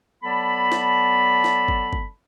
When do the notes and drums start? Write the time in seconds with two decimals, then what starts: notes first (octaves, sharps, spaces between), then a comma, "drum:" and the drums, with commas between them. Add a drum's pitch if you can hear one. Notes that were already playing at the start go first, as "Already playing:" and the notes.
0.23 F#3 B3 A4 D5 A5 B5
0.72 drum: snare
1.44 drum: snare
1.68 drum: kick
1.93 drum: kick